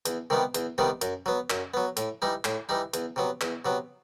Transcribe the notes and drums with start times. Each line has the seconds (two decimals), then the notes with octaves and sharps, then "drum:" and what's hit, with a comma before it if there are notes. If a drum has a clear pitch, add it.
0.06 E2, drum: hi-hat
0.30 C3 D#3 G3 B3
0.55 E2, drum: hi-hat
0.78 C3 D#3 G3 B3
1.01 F#2, drum: hi-hat
1.26 F#3 B3
1.50 F#2, drum: clap
1.74 F#3 B3
1.97 A2, drum: hi-hat
2.22 E3 G3 D#4
2.45 A2, drum: clap
2.69 E3 G3 D#4
2.94 E2, drum: hi-hat
3.16 C3 F#3 B3
3.41 E2, drum: clap
3.65 C3 F#3 B3